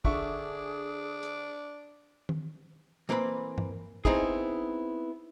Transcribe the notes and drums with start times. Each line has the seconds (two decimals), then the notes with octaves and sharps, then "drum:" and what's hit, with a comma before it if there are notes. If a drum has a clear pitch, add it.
0.05 D3 D4 G#4 E5 C#6, drum: kick
1.23 drum: hi-hat
2.29 drum: tom D#3
3.09 E3 A#3 C4 B4 B5
3.58 drum: tom G2
4.05 B3 C4 D#4 E4 G#4, drum: kick